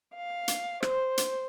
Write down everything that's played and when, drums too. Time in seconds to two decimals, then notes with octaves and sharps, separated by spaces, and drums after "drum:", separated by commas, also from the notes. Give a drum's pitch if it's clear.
0.15 F5
0.48 drum: hi-hat
0.83 C5, drum: rim click
1.18 drum: hi-hat